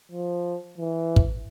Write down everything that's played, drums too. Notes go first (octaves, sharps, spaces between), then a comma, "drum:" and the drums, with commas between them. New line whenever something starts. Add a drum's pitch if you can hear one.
F3
E3
drum: kick